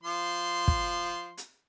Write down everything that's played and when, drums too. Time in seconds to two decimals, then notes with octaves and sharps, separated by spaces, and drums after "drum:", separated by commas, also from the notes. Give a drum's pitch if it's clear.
0.04 F3 C6
0.68 drum: kick
1.38 drum: hi-hat